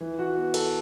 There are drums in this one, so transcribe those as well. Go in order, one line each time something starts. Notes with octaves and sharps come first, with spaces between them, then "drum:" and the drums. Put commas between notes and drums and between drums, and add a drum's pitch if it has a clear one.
E3
F#4
B3
A4, drum: cymbal